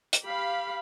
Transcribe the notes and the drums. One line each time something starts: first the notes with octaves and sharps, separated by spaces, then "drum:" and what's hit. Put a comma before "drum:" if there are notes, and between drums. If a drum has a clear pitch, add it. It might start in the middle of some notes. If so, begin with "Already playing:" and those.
drum: hi-hat
G4 F5 B5